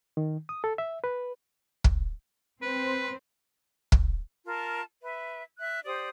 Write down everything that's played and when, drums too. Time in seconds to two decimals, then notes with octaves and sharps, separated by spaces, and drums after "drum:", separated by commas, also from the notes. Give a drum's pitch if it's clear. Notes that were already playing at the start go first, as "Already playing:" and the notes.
0.17 D#3
0.49 D#6
0.64 A4
0.78 E5
1.04 B4
1.84 drum: kick
2.62 C4 B4 C5
3.92 drum: kick
4.46 F4 A#4 A5
5.03 B4 E5
5.58 E5 F#6
5.85 G4 C5 D5 D#6